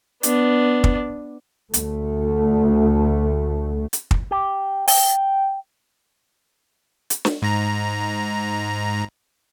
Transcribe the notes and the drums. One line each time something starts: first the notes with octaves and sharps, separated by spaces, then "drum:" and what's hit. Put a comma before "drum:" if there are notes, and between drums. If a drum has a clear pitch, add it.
B3 D4, drum: hi-hat
drum: kick
D2 A3, drum: hi-hat
drum: hi-hat
drum: kick
G4
G5, drum: open hi-hat
drum: hi-hat
drum: snare
G#2 A#5